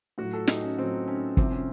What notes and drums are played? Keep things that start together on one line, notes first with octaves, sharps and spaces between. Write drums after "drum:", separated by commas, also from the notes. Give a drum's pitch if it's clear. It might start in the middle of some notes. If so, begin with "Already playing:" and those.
A2 F#3 F#4
A4
D#4, drum: snare
C#4
A2 F#3 C4
C#4
C2 C3 F3 C4, drum: kick
C#4